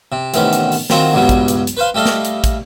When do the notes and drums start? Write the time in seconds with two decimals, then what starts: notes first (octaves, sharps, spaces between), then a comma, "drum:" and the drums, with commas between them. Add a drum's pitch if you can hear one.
0.12 C3
0.34 A1 C3 D#3 B3 C#4 D6, drum: hi-hat
0.53 drum: hi-hat
0.72 drum: open hi-hat
0.90 D#3 F#3 C4 F4 A#5, drum: snare
1.13 C#2 G2 B2 F#3 G3
1.29 drum: kick, hi-hat
1.48 drum: hi-hat
1.67 drum: hi-hat
1.77 B4 C5 F5
1.95 G3 A3 A4 D#5 F5
2.06 drum: snare
2.25 drum: hi-hat
2.44 drum: kick, hi-hat